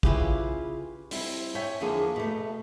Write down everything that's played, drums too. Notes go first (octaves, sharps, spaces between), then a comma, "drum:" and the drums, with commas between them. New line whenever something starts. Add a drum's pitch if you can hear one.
C#3 E4 F4 G4 G#4 B4, drum: kick
G3 C4 E4, drum: open hi-hat
C#5 E5 G5 G#5
E2 D3 F3 A#3 D4 G#4
B2 A3